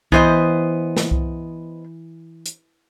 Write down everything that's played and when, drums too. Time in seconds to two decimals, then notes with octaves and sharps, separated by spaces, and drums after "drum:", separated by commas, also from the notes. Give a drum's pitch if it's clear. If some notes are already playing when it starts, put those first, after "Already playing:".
0.12 E3 B3 C5 D#5, drum: kick C2
0.97 drum: snare
1.11 drum: kick C2
2.46 drum: hi-hat